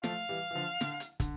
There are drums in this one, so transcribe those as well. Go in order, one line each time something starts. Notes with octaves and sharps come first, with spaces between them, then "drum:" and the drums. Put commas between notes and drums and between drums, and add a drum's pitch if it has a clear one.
F3 A3 F5, drum: snare
E3 G3
E3
D3 F3
D3, drum: snare
drum: hi-hat
D3, drum: kick, hi-hat